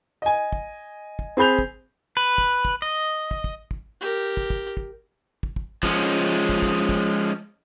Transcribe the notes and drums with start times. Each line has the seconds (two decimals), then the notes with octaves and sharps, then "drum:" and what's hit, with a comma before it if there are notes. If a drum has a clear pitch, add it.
0.22 D#5 G#5
0.53 drum: kick
1.19 drum: kick
1.37 C4 G#4 B5 G6 F7
1.59 drum: kick
2.17 B4
2.38 drum: kick
2.65 drum: kick
2.82 D#5
3.31 drum: kick
3.44 drum: kick
3.71 drum: kick
4.01 G4 A#4
4.37 drum: kick
4.50 drum: kick
4.77 drum: kick
5.43 drum: kick
5.56 drum: kick
5.83 F3 G#3 C#4, drum: kick
6.49 drum: kick
6.62 drum: kick
6.89 drum: kick